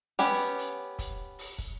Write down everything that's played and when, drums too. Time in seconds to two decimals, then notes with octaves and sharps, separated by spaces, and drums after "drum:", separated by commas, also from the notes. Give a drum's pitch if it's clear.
0.19 B3 C#4 G4, drum: open hi-hat
0.59 drum: hi-hat
0.99 drum: kick, hi-hat
1.39 drum: open hi-hat
1.59 drum: kick